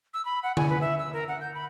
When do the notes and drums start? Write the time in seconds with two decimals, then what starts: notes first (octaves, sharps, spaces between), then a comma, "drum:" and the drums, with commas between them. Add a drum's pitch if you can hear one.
0.14 E6
0.25 B5
0.43 F#5
0.57 G#5, drum: tom D3
0.70 B4
0.81 E5
0.99 E6
1.13 A#4
1.28 F#5
1.41 G6
1.54 B5